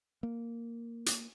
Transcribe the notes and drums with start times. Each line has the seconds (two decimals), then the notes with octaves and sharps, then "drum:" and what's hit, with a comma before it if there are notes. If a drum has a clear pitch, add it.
0.23 A#3
1.06 drum: hi-hat